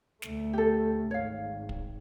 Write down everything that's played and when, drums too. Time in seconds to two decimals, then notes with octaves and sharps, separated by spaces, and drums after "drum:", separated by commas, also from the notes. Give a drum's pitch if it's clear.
0.22 D2 A3, drum: snare
0.53 G4 A4
1.11 G#1 C#5 F5
1.69 drum: kick